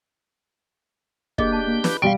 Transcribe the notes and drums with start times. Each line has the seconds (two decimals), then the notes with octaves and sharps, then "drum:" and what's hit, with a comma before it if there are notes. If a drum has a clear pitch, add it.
1.38 A#3 D4 G4 G#4 D5 D#5 G6, drum: kick
1.53 A5
1.67 A#3
1.84 B4, drum: snare
2.02 B2 G3 F5 G5 C6 C#6 D7